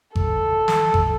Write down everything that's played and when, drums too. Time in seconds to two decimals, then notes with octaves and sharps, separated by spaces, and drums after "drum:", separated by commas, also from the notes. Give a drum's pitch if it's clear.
0.15 A4, drum: kick G#1
0.68 drum: snare
0.94 drum: kick G#1